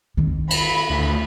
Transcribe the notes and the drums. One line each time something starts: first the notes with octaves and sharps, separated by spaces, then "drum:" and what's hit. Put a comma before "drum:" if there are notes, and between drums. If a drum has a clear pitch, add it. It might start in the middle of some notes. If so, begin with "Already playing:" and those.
D#3 C4
B5, drum: cymbal
D2